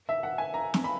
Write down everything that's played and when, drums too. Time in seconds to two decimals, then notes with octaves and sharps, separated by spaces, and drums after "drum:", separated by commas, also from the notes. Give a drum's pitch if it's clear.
0.09 E5
0.23 F#5
0.38 G#5
0.54 A#5
0.74 drum: snare
0.84 B5